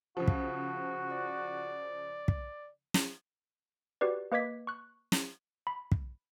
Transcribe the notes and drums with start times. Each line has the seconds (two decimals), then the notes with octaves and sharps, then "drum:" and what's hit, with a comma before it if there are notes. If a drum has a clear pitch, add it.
0.17 C#3 F3 F#4
0.28 drum: kick
1.12 D5
2.28 drum: kick
2.94 drum: snare
4.01 F#4 G4 B4 D5
4.32 A#3 B4 D#5 D6 G#6 B6
4.67 C#6 F#6
5.12 drum: snare
5.67 B5
5.92 drum: kick